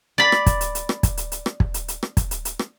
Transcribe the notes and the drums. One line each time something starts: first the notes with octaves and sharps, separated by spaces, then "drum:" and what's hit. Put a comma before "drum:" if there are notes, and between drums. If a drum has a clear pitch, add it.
D5 B5
drum: rim click
drum: kick, hi-hat
drum: hi-hat
drum: hi-hat
drum: rim click
drum: kick, hi-hat
drum: hi-hat
drum: hi-hat
drum: rim click
drum: kick
drum: hi-hat
drum: hi-hat
drum: rim click
drum: kick, hi-hat
drum: hi-hat
drum: hi-hat
drum: rim click